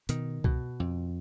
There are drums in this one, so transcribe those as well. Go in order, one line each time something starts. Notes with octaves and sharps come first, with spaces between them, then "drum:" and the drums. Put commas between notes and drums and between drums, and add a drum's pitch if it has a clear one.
B2 D#3, drum: hi-hat
B2, drum: kick C2
F2